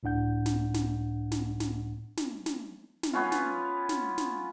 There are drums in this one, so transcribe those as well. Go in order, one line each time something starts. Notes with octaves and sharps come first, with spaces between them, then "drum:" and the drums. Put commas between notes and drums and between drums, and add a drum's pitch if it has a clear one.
C#2 A2 D4 F#5 G6
drum: snare
drum: snare
drum: snare
drum: snare
drum: snare
drum: snare
drum: snare
B3 C#4 F4
drum: snare
drum: snare
drum: snare